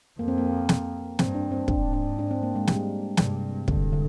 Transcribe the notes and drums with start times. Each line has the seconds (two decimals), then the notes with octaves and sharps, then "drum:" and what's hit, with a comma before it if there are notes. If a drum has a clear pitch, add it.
0.19 F2 A#3
0.28 C4
0.38 A#3
0.69 drum: snare
1.19 G2 C4, drum: snare
1.35 D4
1.52 C4
1.68 G#2 D4, drum: kick
1.93 D4
2.19 D4
2.31 C4
2.43 A#3
2.55 G#3
2.67 G3, drum: snare
3.17 G2 C3, drum: snare
3.68 G2 D3, drum: kick
3.93 D3